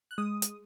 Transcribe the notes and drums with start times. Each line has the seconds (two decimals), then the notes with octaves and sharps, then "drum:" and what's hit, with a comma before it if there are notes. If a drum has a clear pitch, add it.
0.11 F#6
0.18 G#3 D#6
0.42 drum: hi-hat